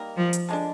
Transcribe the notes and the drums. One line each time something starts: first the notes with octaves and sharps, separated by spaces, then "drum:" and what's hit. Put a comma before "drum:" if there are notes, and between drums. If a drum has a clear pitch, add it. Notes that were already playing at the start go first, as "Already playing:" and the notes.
Already playing: G3 A#3 D#4 A#4
F3
drum: hi-hat
D3 G#3 D4